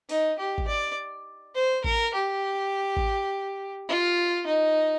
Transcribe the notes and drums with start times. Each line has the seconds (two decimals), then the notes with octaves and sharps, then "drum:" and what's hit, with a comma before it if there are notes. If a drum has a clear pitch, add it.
0.09 D#4, drum: open hi-hat
0.39 G4
0.58 drum: kick G#1
0.67 D5
1.55 C5
1.84 A#4, drum: kick G#1
2.14 G4
2.97 drum: kick G#1
3.88 F4
4.46 D#4